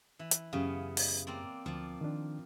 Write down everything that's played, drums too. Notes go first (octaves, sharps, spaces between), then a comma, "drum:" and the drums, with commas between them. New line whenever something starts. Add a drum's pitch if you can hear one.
E3
drum: hi-hat
F#2 C#3 B3 C#4 G4 F5
drum: open hi-hat
A#3 C4 D5
D2 F3 D5
D#3 D4